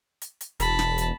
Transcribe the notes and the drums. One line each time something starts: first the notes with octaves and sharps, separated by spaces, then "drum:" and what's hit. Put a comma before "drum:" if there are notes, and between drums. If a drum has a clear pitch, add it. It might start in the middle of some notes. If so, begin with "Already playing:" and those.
drum: hi-hat
drum: hi-hat
E1 A5 B5, drum: kick, hi-hat
drum: snare
drum: hi-hat